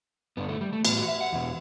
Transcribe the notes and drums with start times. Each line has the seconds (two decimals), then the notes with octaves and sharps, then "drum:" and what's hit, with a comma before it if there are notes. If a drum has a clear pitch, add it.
0.37 G2 D3 B3
0.48 A3
0.61 G3
0.73 A3
0.85 A2 E3 B3, drum: cymbal
0.96 F#4
1.08 E5
1.21 F#5
1.32 E2 B2